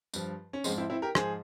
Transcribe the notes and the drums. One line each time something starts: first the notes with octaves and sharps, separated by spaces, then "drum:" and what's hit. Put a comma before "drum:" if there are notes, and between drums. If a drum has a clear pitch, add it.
G2 F3, drum: tambourine
C#4
G#2 F3 G#3 C4, drum: tambourine
C4 E4
C4 E4
G4 A#4
G#2 F3 G#4 C5, drum: rim click